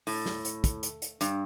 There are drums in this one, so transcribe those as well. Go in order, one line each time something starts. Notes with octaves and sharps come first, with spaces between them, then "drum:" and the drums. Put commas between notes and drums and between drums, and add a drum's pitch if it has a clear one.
A2, drum: open hi-hat
drum: snare
drum: hi-hat
drum: kick, hi-hat
drum: hi-hat
drum: hi-hat
G2, drum: hi-hat